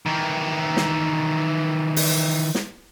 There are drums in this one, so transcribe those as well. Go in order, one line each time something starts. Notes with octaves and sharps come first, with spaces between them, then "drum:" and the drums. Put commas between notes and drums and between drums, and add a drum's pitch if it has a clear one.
D#3 E3
drum: snare
drum: open hi-hat
drum: snare